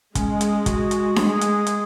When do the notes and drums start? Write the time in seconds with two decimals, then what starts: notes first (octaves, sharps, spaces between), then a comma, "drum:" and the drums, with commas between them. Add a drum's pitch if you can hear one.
0.15 G#3 C#4, drum: kick, hi-hat
0.41 drum: hi-hat
0.66 F#4, drum: kick, hi-hat
0.91 drum: hi-hat
1.16 G#3 G#4, drum: snare D4
1.41 drum: hi-hat
1.67 drum: hi-hat